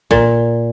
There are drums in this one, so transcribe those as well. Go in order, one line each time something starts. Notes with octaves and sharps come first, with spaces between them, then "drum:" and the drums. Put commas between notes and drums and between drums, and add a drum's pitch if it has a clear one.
A#2, drum: kick